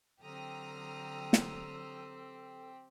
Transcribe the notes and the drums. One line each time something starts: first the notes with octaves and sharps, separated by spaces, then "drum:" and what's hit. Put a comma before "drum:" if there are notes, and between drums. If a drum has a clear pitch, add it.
D3 F#3 C4 G4 A4 A#5 D#6 F6
drum: snare